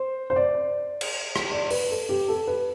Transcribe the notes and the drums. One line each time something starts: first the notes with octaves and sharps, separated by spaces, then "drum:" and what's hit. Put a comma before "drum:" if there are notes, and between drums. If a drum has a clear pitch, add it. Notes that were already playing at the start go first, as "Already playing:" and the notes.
Already playing: C5
C5
D5
drum: cymbal
drum: rim click
D5
B4, drum: open hi-hat
A4
G4
A4
B4